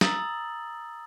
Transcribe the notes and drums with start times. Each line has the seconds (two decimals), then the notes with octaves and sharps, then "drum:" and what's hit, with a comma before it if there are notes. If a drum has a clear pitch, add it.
0.01 A#5 D#6 E6 A6 F#7, drum: snare